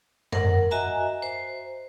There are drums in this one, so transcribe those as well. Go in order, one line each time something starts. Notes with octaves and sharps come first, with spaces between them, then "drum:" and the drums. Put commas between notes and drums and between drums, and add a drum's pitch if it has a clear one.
A#4 F#5, drum: tom F#2
F#4 D#5 E5 G#5 A#5
C5